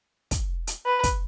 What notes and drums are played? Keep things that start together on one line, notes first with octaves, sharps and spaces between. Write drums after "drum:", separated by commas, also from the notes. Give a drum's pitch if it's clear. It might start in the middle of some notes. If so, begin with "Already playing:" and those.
drum: kick, hi-hat
drum: hi-hat
B4
drum: kick, hi-hat